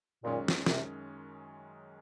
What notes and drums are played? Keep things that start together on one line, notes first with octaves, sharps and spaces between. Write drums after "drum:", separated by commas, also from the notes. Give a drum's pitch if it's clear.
F#2 A#2 D#3 G#3 C#4
drum: snare
C2 C3, drum: snare